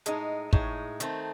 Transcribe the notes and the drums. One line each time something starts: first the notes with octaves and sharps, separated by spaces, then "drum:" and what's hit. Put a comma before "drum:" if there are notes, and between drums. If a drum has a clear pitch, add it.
A2 G#3 D#4, drum: hi-hat
A2 G#3 D#4, drum: kick
D#3 A3 C4, drum: hi-hat